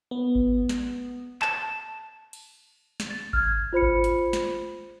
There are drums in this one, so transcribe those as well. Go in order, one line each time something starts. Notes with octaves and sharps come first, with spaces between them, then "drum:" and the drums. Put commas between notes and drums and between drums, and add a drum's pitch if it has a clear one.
B3
drum: kick G#1
drum: snare
A5, drum: clap
drum: cymbal
drum: snare
A6
F6 G#6, drum: kick G#1
F4 C5 B5 C#7
drum: kick G#1
drum: hi-hat
drum: snare